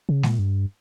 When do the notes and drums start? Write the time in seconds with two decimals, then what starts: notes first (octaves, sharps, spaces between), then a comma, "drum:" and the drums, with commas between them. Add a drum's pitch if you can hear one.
0.09 C#3
0.23 A#2, drum: snare G#3
0.39 G2